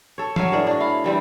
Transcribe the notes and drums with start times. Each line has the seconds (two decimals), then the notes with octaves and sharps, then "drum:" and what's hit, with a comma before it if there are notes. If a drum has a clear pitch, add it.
0.18 A4 C#5
0.36 F#3 C#5 E5 F5, drum: tom
0.52 A2 D4 G#4 A#4
0.67 D4 F#4
0.80 E4 F5
1.04 E3 G3 C4 D4